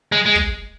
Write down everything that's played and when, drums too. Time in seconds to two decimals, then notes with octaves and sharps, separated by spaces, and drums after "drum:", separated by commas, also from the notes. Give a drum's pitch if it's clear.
0.12 G#3
0.26 G#3
0.35 drum: kick